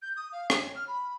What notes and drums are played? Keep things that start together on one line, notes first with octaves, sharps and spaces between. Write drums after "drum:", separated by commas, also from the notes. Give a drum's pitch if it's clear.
G6
D#6
F5
G5, drum: rim click
C#5
F6
B5